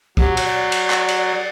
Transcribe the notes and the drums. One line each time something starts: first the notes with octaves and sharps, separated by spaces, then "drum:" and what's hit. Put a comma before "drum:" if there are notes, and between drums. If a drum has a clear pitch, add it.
F#3 G4, drum: kick
C#5, drum: cymbal
D5
drum: cymbal
drum: clap
drum: cymbal